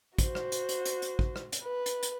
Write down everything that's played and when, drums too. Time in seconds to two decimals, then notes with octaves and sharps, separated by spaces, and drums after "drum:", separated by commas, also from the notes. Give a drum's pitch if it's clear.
0.18 F#4 C5, drum: kick, hi-hat
0.35 drum: rim click
0.52 drum: hi-hat
0.69 drum: hi-hat
0.85 drum: hi-hat
1.02 drum: hi-hat
1.19 drum: kick
1.36 drum: rim click
1.52 drum: hi-hat
1.63 B4
1.86 drum: hi-hat
2.03 drum: hi-hat